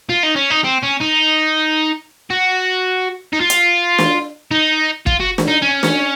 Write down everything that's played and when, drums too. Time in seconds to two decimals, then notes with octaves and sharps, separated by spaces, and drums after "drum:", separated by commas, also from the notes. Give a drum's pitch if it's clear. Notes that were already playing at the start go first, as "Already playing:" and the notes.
0.09 F4
0.23 D#4
0.36 C#4
0.51 D#4
0.65 C4
0.83 C#4
1.01 D#4
2.30 F#4
3.33 D#4
3.41 F4
3.50 drum: hi-hat
3.99 drum: snare
4.51 D#4
5.06 F4, drum: kick
5.20 F#4
5.38 drum: snare
5.48 D#4
5.62 C#4
5.83 drum: snare